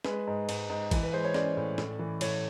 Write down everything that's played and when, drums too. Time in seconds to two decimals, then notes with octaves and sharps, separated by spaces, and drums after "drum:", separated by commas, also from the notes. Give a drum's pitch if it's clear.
0.05 G#3 B4, drum: snare
0.27 G#2
0.49 G#2, drum: cymbal
0.69 G#2
0.91 E3, drum: kick, cymbal
1.03 B4
1.13 G#3 C5
1.25 C#5
1.34 C#4 D5, drum: snare
1.57 A2
1.78 A2, drum: snare
1.99 E3
2.21 A2 C#5, drum: cymbal